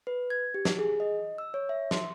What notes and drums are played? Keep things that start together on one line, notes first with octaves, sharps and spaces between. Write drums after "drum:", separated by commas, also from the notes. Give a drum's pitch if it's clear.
B4
G#6
G4
drum: snare
G#4
D#5
E6
C#5
E5
C6, drum: snare